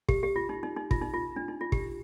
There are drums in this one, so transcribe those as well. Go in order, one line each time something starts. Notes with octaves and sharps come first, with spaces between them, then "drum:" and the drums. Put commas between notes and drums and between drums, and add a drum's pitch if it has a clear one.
G4, drum: kick
G4
F4
D#4
D#4
D#4
F4, drum: kick
D#4
F4
D4
D#4
F4
G4, drum: kick